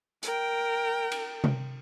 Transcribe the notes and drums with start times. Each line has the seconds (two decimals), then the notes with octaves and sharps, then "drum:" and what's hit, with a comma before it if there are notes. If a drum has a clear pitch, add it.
0.23 A#4 G5, drum: hi-hat
1.12 drum: cymbal
1.44 drum: tom C3